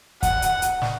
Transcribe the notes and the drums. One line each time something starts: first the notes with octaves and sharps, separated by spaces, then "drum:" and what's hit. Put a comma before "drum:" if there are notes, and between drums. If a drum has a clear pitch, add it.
F#5, drum: kick, hi-hat
drum: hi-hat
drum: hi-hat
drum: snare